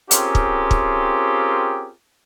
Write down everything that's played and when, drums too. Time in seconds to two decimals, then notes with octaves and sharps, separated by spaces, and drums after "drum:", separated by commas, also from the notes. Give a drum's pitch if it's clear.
0.11 C4 C#4 F4 G4 G#4 A#4, drum: hi-hat
0.35 drum: kick
0.71 drum: kick